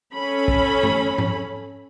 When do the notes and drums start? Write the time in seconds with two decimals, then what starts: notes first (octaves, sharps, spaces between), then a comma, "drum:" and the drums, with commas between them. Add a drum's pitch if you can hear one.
0.13 C#4 A4 B5
0.48 drum: kick
0.83 drum: tom
1.18 drum: tom G#2